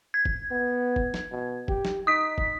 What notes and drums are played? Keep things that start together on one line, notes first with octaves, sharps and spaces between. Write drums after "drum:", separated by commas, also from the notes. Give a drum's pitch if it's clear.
G#6
drum: kick
B3
drum: kick
drum: snare
B2
G4, drum: kick
drum: snare
D#4 D#6 B6
drum: kick